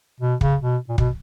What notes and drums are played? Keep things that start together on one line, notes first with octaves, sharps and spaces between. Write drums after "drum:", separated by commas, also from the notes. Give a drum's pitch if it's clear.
B2
C#3, drum: kick
B2
A#2
B2, drum: kick